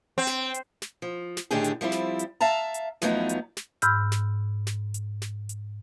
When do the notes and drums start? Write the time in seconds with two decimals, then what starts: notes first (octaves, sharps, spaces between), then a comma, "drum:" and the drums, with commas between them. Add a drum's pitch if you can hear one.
0.18 C4
0.27 drum: snare
0.54 drum: hi-hat
0.82 drum: snare
1.02 F3
1.37 drum: snare
1.51 A2 D3 D#3 D4 G4 G#4
1.64 drum: hi-hat
1.81 F3 G3 C4 E4
1.92 drum: snare
2.19 drum: hi-hat
2.41 E5 F5 A5 A#5
2.74 drum: hi-hat
3.02 E2 F3 F#3 A3 B3 D#4, drum: snare
3.29 drum: hi-hat
3.57 drum: snare
3.82 G#2 B5 E6 F6 G6, drum: hi-hat
4.12 drum: snare
4.67 drum: snare
4.94 drum: hi-hat
5.22 drum: snare
5.49 drum: hi-hat